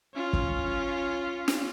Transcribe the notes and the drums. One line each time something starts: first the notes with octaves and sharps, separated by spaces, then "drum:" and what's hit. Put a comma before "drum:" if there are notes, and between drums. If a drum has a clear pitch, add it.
C#4 F4
drum: kick G1
drum: snare